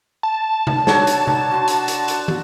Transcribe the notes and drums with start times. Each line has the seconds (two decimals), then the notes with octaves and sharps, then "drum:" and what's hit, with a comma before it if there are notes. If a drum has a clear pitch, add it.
0.23 A5
0.67 drum: tom C3
0.87 F#3 D4 C#5, drum: snare
1.07 drum: hi-hat
1.27 drum: tom C3
1.51 F#4 C6
1.68 drum: hi-hat
1.88 drum: hi-hat
2.08 drum: hi-hat
2.28 drum: tom